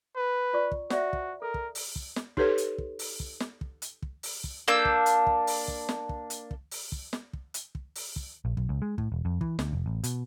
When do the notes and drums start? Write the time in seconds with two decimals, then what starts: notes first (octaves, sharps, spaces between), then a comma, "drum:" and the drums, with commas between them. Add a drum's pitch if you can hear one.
0.16 B4
0.53 F4 D5 C#6
0.72 drum: kick
0.90 F#4 C5 D5 E5, drum: snare
1.13 drum: kick
1.42 A4 A#4
1.54 drum: kick
1.75 drum: open hi-hat
1.96 drum: kick
2.16 drum: snare
2.37 D#4 G4 A4 B4 C#5, drum: kick
2.58 drum: hi-hat
2.78 drum: kick
2.99 drum: open hi-hat
3.20 drum: kick
3.40 drum: snare
3.61 drum: kick
3.82 drum: hi-hat
4.02 drum: kick
4.23 drum: open hi-hat
4.44 drum: kick
4.68 A#3 D4 E6 G6
4.85 drum: kick
5.06 drum: hi-hat
5.27 drum: kick
5.47 drum: open hi-hat
5.68 drum: kick
5.89 drum: snare
6.09 drum: kick
6.30 drum: hi-hat
6.51 drum: kick
6.71 drum: open hi-hat
6.92 drum: kick
7.13 drum: snare
7.33 drum: kick
7.54 drum: hi-hat
7.75 drum: kick
7.95 drum: open hi-hat
8.16 drum: kick
8.45 A#1
8.57 B1, drum: kick
8.69 C#2
8.82 G#3
8.98 A2, drum: kick
9.12 E1
9.25 F2
9.41 E3, drum: kick
9.59 D2, drum: snare
9.73 F1
9.86 A1
10.04 B2, drum: hi-hat